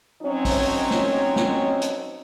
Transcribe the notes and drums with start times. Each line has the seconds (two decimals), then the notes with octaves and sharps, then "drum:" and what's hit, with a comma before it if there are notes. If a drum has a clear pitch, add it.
0.22 F#3 C4 C#4 D#4 C#5
0.45 drum: kick, open hi-hat
0.91 drum: snare
1.36 drum: snare
1.82 drum: hi-hat